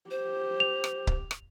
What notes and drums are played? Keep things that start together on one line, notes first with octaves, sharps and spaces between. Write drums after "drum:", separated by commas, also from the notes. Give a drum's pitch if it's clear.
G4 C5
F7
drum: rim click
drum: kick C#1
drum: rim click